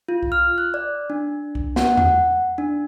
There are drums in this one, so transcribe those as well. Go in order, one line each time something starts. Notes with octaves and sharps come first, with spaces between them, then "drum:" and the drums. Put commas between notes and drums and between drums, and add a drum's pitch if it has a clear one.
F4
drum: kick C2
F6
F#6
D5
D4
drum: kick C2
F#5, drum: snare
F#5, drum: tom E2
D4